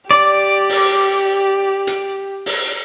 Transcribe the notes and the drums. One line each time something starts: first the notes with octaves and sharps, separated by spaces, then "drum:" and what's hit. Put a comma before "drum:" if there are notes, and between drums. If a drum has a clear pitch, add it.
G4 D5
drum: open hi-hat
drum: hi-hat
drum: open hi-hat